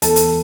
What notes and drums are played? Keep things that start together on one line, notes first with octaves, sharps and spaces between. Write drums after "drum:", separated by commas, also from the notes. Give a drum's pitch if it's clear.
E2 A4, drum: hi-hat
drum: hi-hat